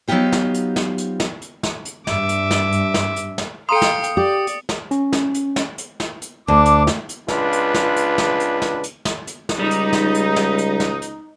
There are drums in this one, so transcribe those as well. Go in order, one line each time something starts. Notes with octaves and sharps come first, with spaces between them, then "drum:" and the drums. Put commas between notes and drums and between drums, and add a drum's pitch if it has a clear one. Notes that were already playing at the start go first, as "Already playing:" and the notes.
F#3 B3 D#4 F4 G4 C5
drum: snare
drum: hi-hat
drum: snare
drum: hi-hat
drum: snare
drum: hi-hat
drum: snare
drum: hi-hat
G2 E5 D6, drum: snare
drum: hi-hat
drum: snare
drum: hi-hat
drum: snare
drum: hi-hat
drum: snare
A4 F5 G5 A#5 C6 D#6 C#7
drum: snare
drum: hi-hat
G4 D5
drum: hi-hat
drum: snare
C#4, drum: hi-hat
drum: snare
drum: hi-hat
drum: snare
drum: hi-hat
drum: snare
drum: hi-hat
D2 D4 D6
drum: hi-hat
drum: snare
drum: hi-hat
C#2 D4 F4 B4, drum: snare
drum: hi-hat
drum: snare
drum: hi-hat
drum: snare
drum: hi-hat
drum: snare
drum: hi-hat
drum: snare
drum: hi-hat
drum: snare
C#2 G3 D#4
drum: hi-hat
drum: snare
drum: hi-hat
drum: snare
drum: hi-hat
drum: snare
drum: hi-hat